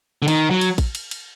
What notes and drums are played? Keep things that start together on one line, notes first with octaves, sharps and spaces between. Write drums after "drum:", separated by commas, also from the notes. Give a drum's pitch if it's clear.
D3
D#3, drum: cymbal
F#3
drum: cymbal
drum: kick A1, cymbal
drum: cymbal
drum: cymbal